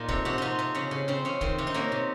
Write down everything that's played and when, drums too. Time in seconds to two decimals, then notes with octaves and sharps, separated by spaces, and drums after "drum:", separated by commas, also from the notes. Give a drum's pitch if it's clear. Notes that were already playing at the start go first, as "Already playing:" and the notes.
Already playing: A#2 D#4 F4
0.09 C3 A4, drum: kick
0.25 C3 F#4
0.38 C3 D#4 F4
0.59 C3
0.75 C#3 C#4
0.91 C#3
1.08 C#3 C4
1.25 C#3 C#4
1.41 D#3 C4, drum: kick
1.58 C3
1.67 D#4
1.74 A#3 C#4
1.92 C3